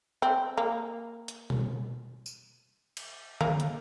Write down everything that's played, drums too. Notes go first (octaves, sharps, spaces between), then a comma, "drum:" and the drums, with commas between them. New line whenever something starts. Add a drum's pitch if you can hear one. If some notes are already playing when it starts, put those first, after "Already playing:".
C4
A#3
drum: hi-hat
drum: tom B2
drum: tambourine
drum: cymbal
A#3, drum: tom D3
drum: hi-hat